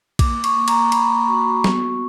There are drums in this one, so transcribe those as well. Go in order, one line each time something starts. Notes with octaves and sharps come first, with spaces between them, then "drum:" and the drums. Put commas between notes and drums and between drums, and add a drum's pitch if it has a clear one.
A#3 D6, drum: kick A#1, cymbal
A#3
C#6, drum: cymbal
A#3
A#5, drum: cymbal
A#3
A#3 B5, drum: cymbal
A#3
F#4 C#6
F#4
B3, drum: snare
B3